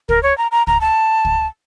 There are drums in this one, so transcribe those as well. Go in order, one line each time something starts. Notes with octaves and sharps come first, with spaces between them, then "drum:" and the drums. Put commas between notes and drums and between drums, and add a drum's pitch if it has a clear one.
A#4, drum: kick
C#5
A#5
A#5
A#5, drum: kick
A5
drum: kick